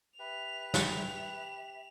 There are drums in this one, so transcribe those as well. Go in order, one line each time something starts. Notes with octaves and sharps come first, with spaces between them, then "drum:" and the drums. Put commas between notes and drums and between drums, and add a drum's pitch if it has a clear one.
G4 B4 E5 F7
drum: snare